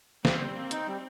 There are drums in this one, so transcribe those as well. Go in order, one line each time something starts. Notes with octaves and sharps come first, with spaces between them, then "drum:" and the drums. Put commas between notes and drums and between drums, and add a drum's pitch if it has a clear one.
G3 C4, drum: snare
G3
A#3
D#4, drum: hi-hat
G3